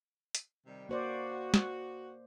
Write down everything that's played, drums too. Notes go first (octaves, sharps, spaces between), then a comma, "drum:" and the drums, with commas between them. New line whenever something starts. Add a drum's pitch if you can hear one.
drum: hi-hat
C3 D#3 G3
A#3 F#4 C5 D5
drum: snare